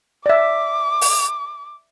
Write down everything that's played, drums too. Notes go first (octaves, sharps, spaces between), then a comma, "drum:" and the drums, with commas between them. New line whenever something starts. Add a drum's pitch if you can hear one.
D5 E5 D6
drum: open hi-hat